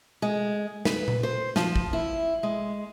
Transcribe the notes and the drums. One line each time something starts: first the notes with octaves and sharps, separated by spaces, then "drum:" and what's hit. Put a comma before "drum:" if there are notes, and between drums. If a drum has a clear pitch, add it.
G#3
B4, drum: snare
drum: tom A#2
C5
F3, drum: snare
drum: kick
E4
G#3